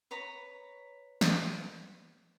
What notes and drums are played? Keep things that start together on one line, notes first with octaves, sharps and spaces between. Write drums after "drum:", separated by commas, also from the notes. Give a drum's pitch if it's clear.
B4 C#5 A#5 B5
drum: snare